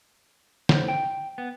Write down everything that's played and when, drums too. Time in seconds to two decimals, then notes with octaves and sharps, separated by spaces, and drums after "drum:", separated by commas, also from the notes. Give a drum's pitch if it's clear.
0.69 C5, drum: snare
0.88 G5
1.38 B3